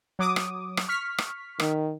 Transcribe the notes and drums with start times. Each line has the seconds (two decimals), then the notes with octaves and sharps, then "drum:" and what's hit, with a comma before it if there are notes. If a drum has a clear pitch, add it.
0.19 F#3 D6 D#6
0.36 drum: rim click
0.77 drum: rim click
0.88 C#6 F6 B6
1.18 drum: rim click
1.60 D#3, drum: rim click